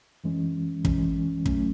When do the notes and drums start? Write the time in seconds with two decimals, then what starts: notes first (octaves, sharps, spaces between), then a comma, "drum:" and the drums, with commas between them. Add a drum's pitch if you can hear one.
0.24 F#2 E3 G#3 C#4
0.85 F#2 E3 G#3 C#4, drum: kick
1.46 F#3 A3 C#4, drum: kick